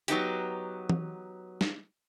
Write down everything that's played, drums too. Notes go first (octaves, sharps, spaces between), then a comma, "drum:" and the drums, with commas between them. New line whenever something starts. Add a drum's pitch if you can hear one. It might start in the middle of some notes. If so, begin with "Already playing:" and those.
F#3 B3 D#4 G4, drum: hi-hat
drum: tom E3
drum: snare